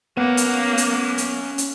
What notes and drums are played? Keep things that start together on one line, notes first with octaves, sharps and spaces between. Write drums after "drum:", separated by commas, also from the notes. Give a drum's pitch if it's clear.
A#3 B3 C#4 F#5
drum: hi-hat
drum: hi-hat
drum: hi-hat
drum: hi-hat